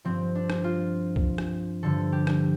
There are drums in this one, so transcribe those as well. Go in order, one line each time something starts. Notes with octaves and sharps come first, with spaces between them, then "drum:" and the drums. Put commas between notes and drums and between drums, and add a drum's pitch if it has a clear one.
G2 F3 C4
D4
drum: rim click
F4
drum: kick
drum: rim click
G2 D3 F3 A4
G4
drum: rim click